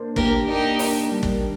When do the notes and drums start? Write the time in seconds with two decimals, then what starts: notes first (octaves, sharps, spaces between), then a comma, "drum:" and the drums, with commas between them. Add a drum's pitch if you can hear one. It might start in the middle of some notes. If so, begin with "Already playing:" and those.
Already playing: A#3 D4 C5
0.16 A#3 G4 A#4, drum: kick
0.47 D4 D#4 G4
0.79 D4, drum: open hi-hat
1.11 G3
1.23 drum: kick